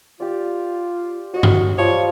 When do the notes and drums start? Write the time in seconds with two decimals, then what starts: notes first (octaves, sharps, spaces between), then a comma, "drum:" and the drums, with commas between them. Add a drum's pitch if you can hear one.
0.20 F4 G4 D5
1.34 F#4 C#5 D#5
1.43 drum: tom G2
1.54 D#6
1.78 F3 G3 C#5 D#6